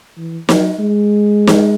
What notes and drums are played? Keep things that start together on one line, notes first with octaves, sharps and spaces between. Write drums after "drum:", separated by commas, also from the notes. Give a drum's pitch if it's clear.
E3
F#3, drum: snare
G#3
drum: snare